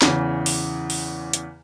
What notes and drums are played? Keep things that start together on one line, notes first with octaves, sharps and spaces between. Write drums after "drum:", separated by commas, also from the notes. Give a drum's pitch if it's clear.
E2 C#3 E3, drum: snare
drum: open hi-hat
drum: open hi-hat
drum: hi-hat